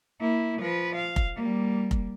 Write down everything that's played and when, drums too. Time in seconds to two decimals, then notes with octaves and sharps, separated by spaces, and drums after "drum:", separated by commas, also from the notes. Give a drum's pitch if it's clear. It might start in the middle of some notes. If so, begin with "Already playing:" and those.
0.20 A#3 E4
0.60 F3 B4
0.95 F5
1.16 drum: kick F1
1.35 G3 A#3
1.91 drum: kick F1